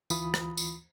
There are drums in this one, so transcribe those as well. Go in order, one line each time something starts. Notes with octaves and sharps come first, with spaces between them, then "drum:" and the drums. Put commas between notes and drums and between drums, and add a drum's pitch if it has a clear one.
D2 E3 F4 B5 D#6, drum: tambourine
drum: rim click
drum: tambourine